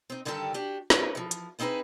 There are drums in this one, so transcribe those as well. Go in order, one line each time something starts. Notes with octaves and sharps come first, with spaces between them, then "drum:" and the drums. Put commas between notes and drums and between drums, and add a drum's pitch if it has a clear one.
C4 D#4
G2 D3 D#3 G3 G4 A4
D4 F#4 G4
A#4 B4 C#5, drum: snare
E3 F3
drum: hi-hat
B3 C4 D#4 E4 G#4 B4